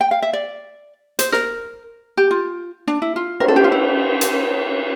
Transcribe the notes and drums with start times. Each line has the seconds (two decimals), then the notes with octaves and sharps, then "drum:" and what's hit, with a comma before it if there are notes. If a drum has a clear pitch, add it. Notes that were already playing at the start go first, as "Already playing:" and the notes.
0.01 G5
0.11 F5
0.22 E5
0.33 D5
1.19 C5, drum: hi-hat
1.32 A#4, drum: snare
2.17 G4
2.31 F4
2.88 D4
3.02 E4
3.16 F4
3.40 A#4, drum: cymbal
3.48 A4
3.56 G4
3.64 F4
3.72 E4
4.21 drum: hi-hat